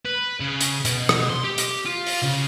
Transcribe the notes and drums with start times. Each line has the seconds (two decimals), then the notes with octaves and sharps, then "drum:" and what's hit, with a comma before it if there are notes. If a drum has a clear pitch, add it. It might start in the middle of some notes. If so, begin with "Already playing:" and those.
0.06 B4
0.40 C#3
0.61 drum: hi-hat
0.85 B2, drum: hi-hat
1.09 drum: rim click
1.30 C6
1.44 G4
1.58 drum: hi-hat
1.86 F4
2.07 drum: open hi-hat
2.23 C#3